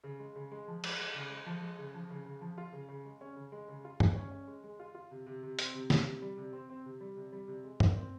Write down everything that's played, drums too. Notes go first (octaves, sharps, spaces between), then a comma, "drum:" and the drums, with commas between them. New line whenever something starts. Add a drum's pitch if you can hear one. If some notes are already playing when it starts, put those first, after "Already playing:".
C#3
G#3
C#3
G#3
F3
G#3, drum: cymbal
G#3
C#3
G#3
F3
G#3
C#3
F3
C#3
C#3
F3
F4
C#3
C#3
G#3
C#4
C#3
G#3
C#3
F4
C#3, drum: tom
C#4
C#4
G#3
G#3
F4
F4
C3
C3
C3
C4, drum: hi-hat
C3
C3, drum: snare
C3
G3
C3
C4
C4
C3
G3
C3
G3
C3
G#3
A#2, drum: tom
C4